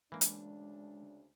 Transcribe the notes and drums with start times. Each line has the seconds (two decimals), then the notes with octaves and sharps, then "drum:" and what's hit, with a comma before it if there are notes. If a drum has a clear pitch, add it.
0.12 D2 C#3 E3 G#3 A#3 D4
0.21 drum: hi-hat